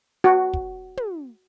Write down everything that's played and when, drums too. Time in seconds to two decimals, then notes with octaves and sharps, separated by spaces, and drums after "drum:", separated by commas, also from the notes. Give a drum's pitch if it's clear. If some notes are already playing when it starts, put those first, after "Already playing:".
0.24 F#4
0.53 drum: kick
0.97 drum: tom